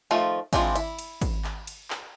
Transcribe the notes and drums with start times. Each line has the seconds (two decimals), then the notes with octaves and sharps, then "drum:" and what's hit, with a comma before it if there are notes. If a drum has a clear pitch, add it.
0.11 D#3 F3 A3 F4
0.53 F3 G#3 C4 D4 E4, drum: kick, cymbal
0.75 E4, drum: cymbal
0.99 drum: cymbal
1.21 drum: kick, cymbal
1.44 drum: clap
1.67 drum: cymbal
1.90 drum: clap